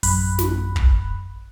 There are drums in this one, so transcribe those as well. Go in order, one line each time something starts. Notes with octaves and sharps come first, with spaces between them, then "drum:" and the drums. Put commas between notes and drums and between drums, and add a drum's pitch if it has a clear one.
A1 F#2 B5 F#6, drum: open hi-hat
drum: snare
drum: kick